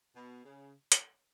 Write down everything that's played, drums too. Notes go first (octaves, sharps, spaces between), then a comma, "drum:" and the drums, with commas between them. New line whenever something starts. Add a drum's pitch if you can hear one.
B2
C#3
drum: hi-hat